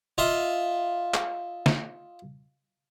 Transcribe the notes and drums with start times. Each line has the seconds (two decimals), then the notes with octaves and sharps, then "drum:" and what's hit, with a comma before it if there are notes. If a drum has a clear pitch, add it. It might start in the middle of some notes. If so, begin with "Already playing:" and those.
0.18 F4 D#5 E5
1.14 drum: clap
1.66 drum: snare